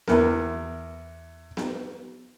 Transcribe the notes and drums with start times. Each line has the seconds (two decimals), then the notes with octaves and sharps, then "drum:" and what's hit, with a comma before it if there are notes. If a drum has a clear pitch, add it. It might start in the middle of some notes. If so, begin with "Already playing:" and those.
0.08 E2 B3 A#4, drum: snare B3
1.57 drum: snare B3